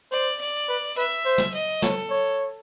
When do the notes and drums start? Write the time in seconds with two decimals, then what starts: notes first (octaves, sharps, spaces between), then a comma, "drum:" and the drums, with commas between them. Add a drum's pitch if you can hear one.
0.12 C5 D5
0.41 D5
0.69 B4
0.97 B4 E5
1.25 C5
1.38 drum: snare
1.54 D#5
1.82 A4 C#5, drum: snare
2.10 C#5